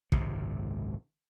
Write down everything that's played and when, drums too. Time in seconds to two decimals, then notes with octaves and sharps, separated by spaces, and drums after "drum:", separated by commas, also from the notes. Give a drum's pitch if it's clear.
0.12 G#1 C#2 F#2 C3, drum: kick